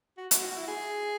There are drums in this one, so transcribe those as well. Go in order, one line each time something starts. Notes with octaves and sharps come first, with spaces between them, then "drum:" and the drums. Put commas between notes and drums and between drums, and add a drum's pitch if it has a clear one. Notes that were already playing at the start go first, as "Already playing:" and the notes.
F#4
F#4, drum: hi-hat
F#4
E4
G#4